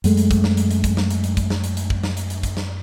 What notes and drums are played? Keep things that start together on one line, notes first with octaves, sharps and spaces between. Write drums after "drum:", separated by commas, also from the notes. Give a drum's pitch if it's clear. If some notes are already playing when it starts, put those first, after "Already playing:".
F#2 G#3 A3, drum: hi-hat
drum: hi-hat
drum: kick, hi-hat
drum: snare
drum: hi-hat
drum: hi-hat
drum: kick, hi-hat
drum: snare
drum: hi-hat
drum: hi-hat
drum: kick, hi-hat
drum: snare
drum: hi-hat
drum: hi-hat
drum: kick
drum: snare
drum: hi-hat
drum: hi-hat
drum: kick, hi-hat
drum: snare